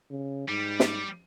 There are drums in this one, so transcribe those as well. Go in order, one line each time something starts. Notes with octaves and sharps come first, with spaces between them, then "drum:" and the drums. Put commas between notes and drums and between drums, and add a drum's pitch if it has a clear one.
C#3
G#2 G3
drum: snare